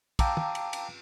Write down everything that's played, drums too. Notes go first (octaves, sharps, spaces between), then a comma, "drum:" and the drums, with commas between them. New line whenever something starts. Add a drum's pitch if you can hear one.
F5 G5 A5 A#5 D6 E6, drum: kick, cymbal
drum: tom
drum: cymbal
drum: cymbal